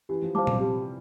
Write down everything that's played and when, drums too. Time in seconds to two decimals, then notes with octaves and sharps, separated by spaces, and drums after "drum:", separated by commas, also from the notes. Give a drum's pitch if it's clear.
0.09 E3 G4
0.22 F3
0.35 G3 C5 F5 A5 D6
0.47 C3, drum: tom A#2
0.60 G4